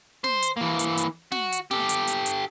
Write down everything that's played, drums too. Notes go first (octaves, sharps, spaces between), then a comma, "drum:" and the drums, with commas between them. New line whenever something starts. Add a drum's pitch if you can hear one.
C5, drum: snare
drum: hi-hat
E3 A#3
drum: hi-hat
drum: hi-hat
F#4, drum: snare
drum: hi-hat
G4 A4, drum: snare
drum: hi-hat
drum: hi-hat
drum: hi-hat